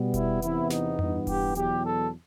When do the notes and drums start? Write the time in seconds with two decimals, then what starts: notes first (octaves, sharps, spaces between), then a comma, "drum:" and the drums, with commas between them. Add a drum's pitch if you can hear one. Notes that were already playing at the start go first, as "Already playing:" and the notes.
Already playing: B2 G3 B3
0.14 E4, drum: kick E1, hi-hat
0.42 E2 C3 E3 B3 E4, drum: hi-hat
0.70 D#4, drum: snare
0.99 G2 E3 B3, drum: tom F2
1.27 G4, drum: kick E1, open hi-hat
1.55 E2 B2 F#3 G4, drum: hi-hat
1.84 A4